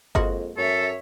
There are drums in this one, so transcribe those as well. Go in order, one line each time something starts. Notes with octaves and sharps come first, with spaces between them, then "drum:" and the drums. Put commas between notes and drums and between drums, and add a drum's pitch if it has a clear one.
F2 G#3 A#3 F#4, drum: kick G1
F#2 A4 C#5 E5